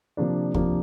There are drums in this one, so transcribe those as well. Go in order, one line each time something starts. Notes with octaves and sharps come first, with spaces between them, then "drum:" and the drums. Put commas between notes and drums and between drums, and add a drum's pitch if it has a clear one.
C3 F3 A#3 D4
C3 F3 A#3 D4, drum: kick